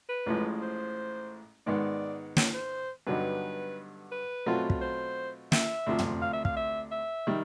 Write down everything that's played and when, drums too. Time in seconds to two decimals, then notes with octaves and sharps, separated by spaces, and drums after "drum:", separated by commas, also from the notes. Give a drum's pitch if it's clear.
0.09 B4
0.26 A1 A2 F3 G#3
0.62 C5
1.66 G#2 D#3 G#3 B3 D5
2.37 C#5, drum: snare
2.54 C5
3.07 G2 D3 F#3 B3 D#4 B4
4.12 B4
4.46 B2 F#3 A3 C4 F4
4.70 drum: kick
4.81 C5
5.52 E5, drum: snare
5.87 D2 C3 F3
5.98 drum: tom
6.22 F5
6.33 E5
6.45 F5, drum: kick
6.57 E5
6.92 E5
7.27 D#3 G3